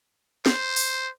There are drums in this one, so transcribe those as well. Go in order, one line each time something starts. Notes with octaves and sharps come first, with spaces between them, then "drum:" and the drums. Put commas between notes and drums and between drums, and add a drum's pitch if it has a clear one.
C5, drum: snare
drum: open hi-hat